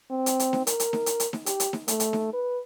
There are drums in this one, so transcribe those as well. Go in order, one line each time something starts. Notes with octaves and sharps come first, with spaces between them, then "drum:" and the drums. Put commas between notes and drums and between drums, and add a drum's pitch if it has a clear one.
C4
drum: hi-hat
drum: hi-hat
drum: snare D#4
A#4, drum: hi-hat
drum: hi-hat
drum: snare D#4
drum: hi-hat
drum: hi-hat
drum: snare D#4
G4, drum: hi-hat
drum: hi-hat
drum: snare D#4
A3, drum: hi-hat
drum: hi-hat
drum: snare D#4
B4